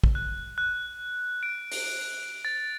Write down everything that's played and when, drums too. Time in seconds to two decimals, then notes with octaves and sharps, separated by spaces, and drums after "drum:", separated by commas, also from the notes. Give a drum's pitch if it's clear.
0.04 drum: kick
0.15 F#6
0.58 F#6
1.43 D7
1.72 drum: open hi-hat
2.45 A6